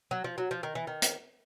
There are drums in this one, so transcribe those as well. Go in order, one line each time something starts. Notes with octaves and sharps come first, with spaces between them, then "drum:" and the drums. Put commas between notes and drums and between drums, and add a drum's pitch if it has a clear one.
F#3
F3
F#3
F3
D#3
E3
D#3
drum: hi-hat